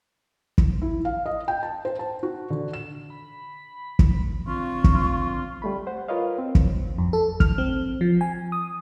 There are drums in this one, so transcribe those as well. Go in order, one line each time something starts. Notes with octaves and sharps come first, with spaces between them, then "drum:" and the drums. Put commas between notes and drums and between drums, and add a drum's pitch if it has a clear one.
drum: kick
E4
F5
D#5
G5
A5
C5
A5
F#4
D3
E7
B5
drum: kick
D3 C4 F4 C#6
drum: kick
F4
G3 A3 B5
C5 F#5
F4 A#4 B4 C#5 D#5 F5
C4
drum: kick
F2
A4
F6, drum: kick
C4
F3
G#5
D#6